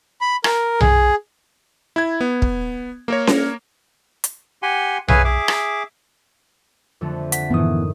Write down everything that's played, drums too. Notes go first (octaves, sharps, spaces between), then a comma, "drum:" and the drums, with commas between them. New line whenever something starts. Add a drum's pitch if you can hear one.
B5
A#4, drum: rim click
G#4, drum: tom B1
E4 G#6
B3
drum: kick
A#3 A#4 C#5
drum: snare C#4
drum: hi-hat
G4 F#5 G#5 C6
G#4 B4 C#5 E5 F5 G#5, drum: tom B1
G#4 E5 D6
drum: rim click
F2 D3 A3
F#5 B6, drum: hi-hat
F#2 A2 D#3 E3 B3 D#6